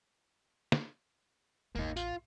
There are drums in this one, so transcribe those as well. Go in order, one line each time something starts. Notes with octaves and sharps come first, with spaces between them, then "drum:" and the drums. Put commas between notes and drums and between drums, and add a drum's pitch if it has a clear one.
drum: snare
A1 E2 A#3 D#4
F4, drum: tambourine